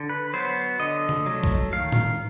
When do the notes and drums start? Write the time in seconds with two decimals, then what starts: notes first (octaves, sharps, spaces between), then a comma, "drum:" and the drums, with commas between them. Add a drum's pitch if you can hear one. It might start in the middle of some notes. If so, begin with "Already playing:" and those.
Already playing: D3
0.09 B4
0.34 F#3 B3 C5
0.79 D3 D#5
1.09 drum: tom C3
1.26 F#3 A3
1.44 drum: kick A#1
1.72 D#3 F5
1.92 drum: tom A2